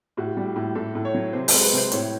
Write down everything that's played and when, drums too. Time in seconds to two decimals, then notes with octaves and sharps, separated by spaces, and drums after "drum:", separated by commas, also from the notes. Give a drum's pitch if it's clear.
0.17 A2 F#4
0.37 G3
0.56 A2
0.75 A2 A4
0.95 A2
1.05 C#5
1.14 F#3
1.33 C3 C5
1.48 C5, drum: open hi-hat
1.53 G#3
1.62 B4
1.72 C3
1.78 C5
1.92 A2 C#5, drum: hi-hat